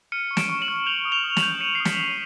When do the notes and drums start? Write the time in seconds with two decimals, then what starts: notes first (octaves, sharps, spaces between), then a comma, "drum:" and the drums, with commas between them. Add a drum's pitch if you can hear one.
0.12 F6 C#7 D#7
0.31 C#6
0.37 D7 E7, drum: snare
0.49 C#6
0.62 E7 F#7
0.68 F6
0.86 G6 F7 G7
1.05 D#6
1.12 F7 G7
1.24 D#6
1.37 E7 F#7, drum: snare
1.43 G6
1.61 G6 C#7 D#7
1.75 C7
1.80 D#6
1.85 B6 C#7, drum: snare
1.98 D#6
2.04 D#7